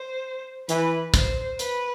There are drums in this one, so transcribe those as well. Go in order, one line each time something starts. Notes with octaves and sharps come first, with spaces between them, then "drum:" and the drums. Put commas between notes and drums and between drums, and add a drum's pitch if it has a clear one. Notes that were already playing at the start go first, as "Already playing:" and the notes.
Already playing: C5
E3 B4, drum: hi-hat
C5, drum: kick, hi-hat
B4, drum: hi-hat